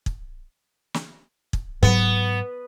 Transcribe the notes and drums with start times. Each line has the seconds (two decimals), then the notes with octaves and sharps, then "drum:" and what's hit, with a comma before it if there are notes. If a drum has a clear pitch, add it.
0.06 drum: kick
0.94 drum: snare
1.53 drum: kick
1.83 G#2 F#3 B3, drum: kick